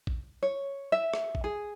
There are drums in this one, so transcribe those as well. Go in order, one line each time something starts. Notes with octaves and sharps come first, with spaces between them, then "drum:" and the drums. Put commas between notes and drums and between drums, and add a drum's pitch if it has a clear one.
drum: kick A1
C#5
E5
drum: rim click
drum: kick A1
G#4